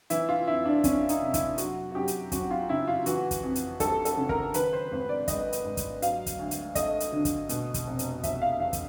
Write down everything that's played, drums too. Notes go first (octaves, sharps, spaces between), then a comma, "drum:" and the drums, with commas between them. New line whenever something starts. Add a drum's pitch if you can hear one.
E3 E4, drum: hi-hat
F4
F2 E4
D4
F2 C#4, drum: kick, hi-hat
D#4, drum: hi-hat
C3
E4, drum: kick, hi-hat
F#3 F#4, drum: hi-hat
F#4
F#2 G4
drum: hi-hat
F#2 F#4, drum: kick, hi-hat
F4
C#3 E4
F4
E3 F#4, drum: hi-hat
drum: kick, hi-hat
F2
drum: hi-hat
G3 A4, drum: kick, hi-hat
A4, drum: hi-hat
C#3
A#4, drum: kick
D#3 B4, drum: hi-hat
C5
G#1 C5
D5
G#3 D#5, drum: kick, hi-hat
drum: hi-hat
G#2
drum: kick, hi-hat
F#3 F5, drum: hi-hat
drum: kick, hi-hat
D2
drum: hi-hat
A3 D#5, drum: kick, hi-hat
drum: hi-hat
D3
drum: kick, hi-hat
B2, drum: hi-hat
drum: kick, hi-hat
F1
drum: hi-hat
F1 E5, drum: kick, hi-hat
F5
E2 F5
drum: kick, hi-hat